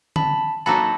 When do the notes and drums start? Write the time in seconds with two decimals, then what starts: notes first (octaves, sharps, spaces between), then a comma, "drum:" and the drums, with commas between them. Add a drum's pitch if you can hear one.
0.16 A5 B5, drum: tom D3
0.66 F#3 A#3 D#4 F#4 A4 A5 B5